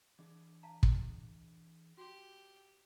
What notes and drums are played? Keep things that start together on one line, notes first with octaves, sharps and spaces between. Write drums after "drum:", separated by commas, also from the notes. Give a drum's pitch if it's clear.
E3 D4 G#4
F5 A5 A#5
drum: kick
F#4 G4